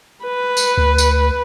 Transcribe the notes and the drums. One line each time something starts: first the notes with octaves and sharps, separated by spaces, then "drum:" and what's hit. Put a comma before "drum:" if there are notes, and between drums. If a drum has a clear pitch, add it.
B4
drum: tambourine
D2
drum: tambourine